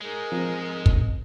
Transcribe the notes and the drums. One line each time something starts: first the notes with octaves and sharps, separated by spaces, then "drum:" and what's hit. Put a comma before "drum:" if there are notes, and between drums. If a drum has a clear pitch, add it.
G#3 D#4 G#4 A#4 G#5
F3 C4
drum: kick